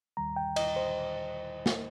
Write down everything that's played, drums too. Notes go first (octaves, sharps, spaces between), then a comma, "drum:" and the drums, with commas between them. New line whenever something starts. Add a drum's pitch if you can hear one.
D#2 D#3 G3 A#5
G5
D#5, drum: cymbal
C5
drum: snare